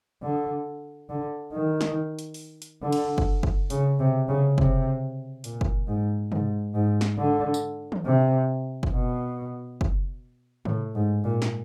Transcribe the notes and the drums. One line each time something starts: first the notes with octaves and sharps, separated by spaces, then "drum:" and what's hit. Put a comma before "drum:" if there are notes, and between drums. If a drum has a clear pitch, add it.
D3
D3
D#3
drum: snare
drum: hi-hat
drum: open hi-hat
drum: hi-hat
D3
drum: cymbal
drum: kick F#1
drum: kick F#1
C#3, drum: hi-hat
C3
C#3
C3, drum: kick F#1
A#2, drum: hi-hat
drum: kick F#1
G#2
G#2, drum: tom
G#2
drum: snare
D3
drum: tambourine
drum: tom
C3
drum: kick F#1
B2
drum: kick F#1
A2, drum: tom
G#2
A#2
drum: snare